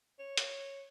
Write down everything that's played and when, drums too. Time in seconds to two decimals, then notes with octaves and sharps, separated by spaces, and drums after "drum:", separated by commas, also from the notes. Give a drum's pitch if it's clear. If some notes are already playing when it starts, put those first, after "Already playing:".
0.19 C#5
0.37 drum: hi-hat